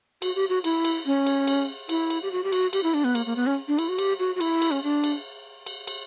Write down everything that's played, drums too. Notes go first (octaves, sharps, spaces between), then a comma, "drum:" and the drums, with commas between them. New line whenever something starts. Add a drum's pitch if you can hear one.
F#4, drum: cymbal
G4
F#4
E4, drum: cymbal
drum: cymbal
C#4
drum: cymbal
drum: cymbal
E4, drum: cymbal
drum: cymbal
G4
F#4
G4
F#4, drum: cymbal
G4, drum: cymbal
E4
D4
B3
A#3, drum: cymbal
A#3
B3
C#4
D4
E4, drum: cymbal
F#4
G4, drum: cymbal
F#4
F#4
E4, drum: cymbal
drum: cymbal
C#4
D4
drum: cymbal
drum: cymbal
drum: cymbal